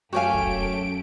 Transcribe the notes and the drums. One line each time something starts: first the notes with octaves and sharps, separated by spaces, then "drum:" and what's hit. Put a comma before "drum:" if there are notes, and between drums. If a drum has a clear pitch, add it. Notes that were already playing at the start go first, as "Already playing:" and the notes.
F#2 A3 F#4 G4 C#5 F5 G#5 D7
drum: kick